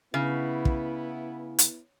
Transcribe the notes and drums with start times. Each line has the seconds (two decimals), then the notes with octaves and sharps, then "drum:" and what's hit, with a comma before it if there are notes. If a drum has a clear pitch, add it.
0.14 C#3 B3 E4
0.65 drum: kick
1.59 drum: hi-hat